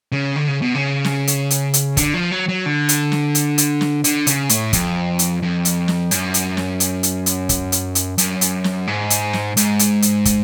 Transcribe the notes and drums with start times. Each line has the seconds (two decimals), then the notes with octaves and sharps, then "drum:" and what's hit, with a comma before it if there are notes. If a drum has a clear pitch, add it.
0.12 C#3
0.36 D3
0.48 C#3
0.62 B2
0.75 C#3
1.04 drum: snare
1.27 drum: hi-hat
1.50 drum: hi-hat
1.74 drum: hi-hat
1.97 D3, drum: kick, hi-hat
2.14 F3
2.31 F#3
2.49 F#3
2.66 D3
2.89 drum: hi-hat
3.12 drum: snare
3.35 drum: hi-hat
3.58 drum: hi-hat
3.81 drum: snare
4.04 D3, drum: hi-hat
4.27 C#3, drum: hi-hat
4.49 A2, drum: hi-hat
4.73 F2, drum: kick, hi-hat
5.19 drum: hi-hat
5.42 F2
5.65 drum: hi-hat
5.88 drum: snare
6.11 F#2, drum: hi-hat
6.34 drum: hi-hat
6.57 drum: snare
6.80 drum: hi-hat
7.03 drum: hi-hat
7.26 drum: hi-hat
7.49 drum: kick, hi-hat
7.72 drum: hi-hat
7.95 drum: hi-hat
8.18 F#2, drum: hi-hat
8.41 drum: hi-hat
8.64 drum: snare
8.87 G#2
9.10 drum: hi-hat
9.33 drum: snare
9.57 G#2, drum: hi-hat
9.79 drum: hi-hat
10.02 drum: hi-hat
10.25 drum: kick, hi-hat